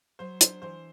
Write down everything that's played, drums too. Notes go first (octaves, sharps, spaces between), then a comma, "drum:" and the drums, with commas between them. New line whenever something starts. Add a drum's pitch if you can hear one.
F#3 C5
D4 C5, drum: hi-hat
E3 C5